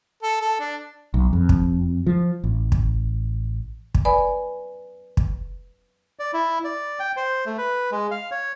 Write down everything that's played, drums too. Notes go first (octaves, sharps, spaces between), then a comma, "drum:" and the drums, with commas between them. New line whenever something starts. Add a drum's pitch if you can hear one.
A4
A4
D4
B1
F2
drum: kick
F3
A1
drum: kick
drum: kick
B4 D5 G#5 B5
drum: kick
D5
E4
D5
G5
C5
A3
B4
G#3
F5
C#5